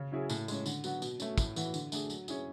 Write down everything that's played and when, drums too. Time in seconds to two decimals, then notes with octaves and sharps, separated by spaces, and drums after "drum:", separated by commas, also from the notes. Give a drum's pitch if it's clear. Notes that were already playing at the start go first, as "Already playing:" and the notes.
Already playing: C#3
0.12 F#3 C#4 E4 G#4
0.30 A2, drum: tambourine
0.48 G#3 C#4, drum: tambourine
0.66 D3, drum: tambourine
0.84 F#3 B3 F#4, drum: tambourine
1.02 B2, drum: tambourine
1.20 A3 C#4, drum: tambourine
1.38 A2, drum: kick, tambourine
1.56 E3 B3 F#4, drum: tambourine
1.74 D3, drum: tambourine
1.92 A3 D4 G#4, drum: tambourine
2.10 F#3, drum: tambourine
2.28 C#4 E4 G#4, drum: tambourine